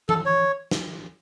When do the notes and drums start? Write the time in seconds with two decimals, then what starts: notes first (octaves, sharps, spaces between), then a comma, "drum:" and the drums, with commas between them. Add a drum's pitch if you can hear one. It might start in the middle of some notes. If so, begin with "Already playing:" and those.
0.09 A4, drum: tom E3
0.26 C#5
0.71 drum: snare